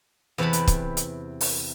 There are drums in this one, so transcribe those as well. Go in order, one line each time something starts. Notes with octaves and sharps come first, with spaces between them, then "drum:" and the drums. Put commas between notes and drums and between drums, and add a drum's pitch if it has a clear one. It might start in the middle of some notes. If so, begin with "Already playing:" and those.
E2 C3 G4 B4 A5 B5
drum: hi-hat
drum: kick, hi-hat
drum: hi-hat
drum: open hi-hat